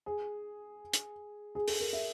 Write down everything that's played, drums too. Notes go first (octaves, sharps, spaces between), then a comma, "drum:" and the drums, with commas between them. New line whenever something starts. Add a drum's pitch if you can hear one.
G#4
drum: hi-hat
G#4
A4, drum: open hi-hat
A#4
E5